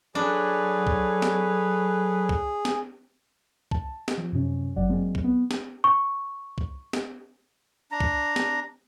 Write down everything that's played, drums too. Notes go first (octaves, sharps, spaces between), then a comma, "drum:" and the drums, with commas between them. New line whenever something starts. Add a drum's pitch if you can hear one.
F#3 D4 G#4 A4 B4 C#5
drum: kick
drum: snare
drum: kick
drum: snare
A5, drum: kick
drum: snare
F3
F#2 C3 C#4
G1 F#2 F#3 D5 F#5
F#3 G#3 A#3 C4
drum: kick
B3
drum: snare
C#6
drum: kick
drum: snare
D4 A#5
drum: kick
drum: snare